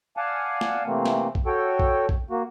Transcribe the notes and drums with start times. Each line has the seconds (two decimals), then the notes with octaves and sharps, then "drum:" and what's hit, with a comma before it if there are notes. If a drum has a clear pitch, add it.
0.17 D5 F5 F#5 G#5 A5
0.61 drum: snare
0.86 C3 E3 A3 A#3 C4
1.06 drum: snare
1.35 drum: kick A#1
1.46 F#4 A4 C#5 G5
1.79 drum: kick A#1
2.09 drum: kick A#1
2.30 A#3 F#4